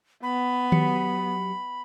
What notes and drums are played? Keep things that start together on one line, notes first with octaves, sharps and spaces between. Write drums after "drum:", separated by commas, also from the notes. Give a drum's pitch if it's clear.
B3 B5
F#3 G4 C#7, drum: tom D#3